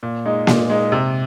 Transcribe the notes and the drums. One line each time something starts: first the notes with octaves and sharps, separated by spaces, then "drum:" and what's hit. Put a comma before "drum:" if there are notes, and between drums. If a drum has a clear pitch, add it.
A#2
G#3 D#4
A#2, drum: snare A#3
G#3 D#4
C3